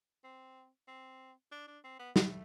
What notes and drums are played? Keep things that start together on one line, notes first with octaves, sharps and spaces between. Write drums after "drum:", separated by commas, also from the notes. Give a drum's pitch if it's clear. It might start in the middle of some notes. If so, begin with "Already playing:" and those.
C4
C4
D4
D4
C4
B3
A3, drum: snare